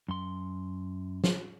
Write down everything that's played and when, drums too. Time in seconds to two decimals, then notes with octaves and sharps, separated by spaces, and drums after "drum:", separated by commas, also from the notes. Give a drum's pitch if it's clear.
0.09 F#2 C6
1.24 drum: snare